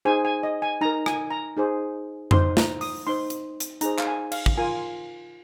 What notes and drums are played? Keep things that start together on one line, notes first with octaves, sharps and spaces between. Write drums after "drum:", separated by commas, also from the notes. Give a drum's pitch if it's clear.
D#4 G#4 C5 G#5
G#5
D#5
G#5
D#4 A#4 A#5
G#5, drum: rim click
A#5
D#4 G#4 C5
D#4 C5 C6, drum: tom F2
A#5, drum: snare
D#6, drum: open hi-hat
D#4 C5 C6
drum: hi-hat
drum: hi-hat
D#4 G#4 C5 A#5, drum: hi-hat
F5, drum: clap
G#5
F5, drum: cymbal
drum: kick
F4 A#4 G#5